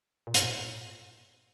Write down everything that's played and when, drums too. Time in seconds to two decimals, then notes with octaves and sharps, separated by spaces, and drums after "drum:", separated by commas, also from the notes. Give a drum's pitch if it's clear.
0.27 A#2
0.34 G#2, drum: hi-hat
0.43 A#2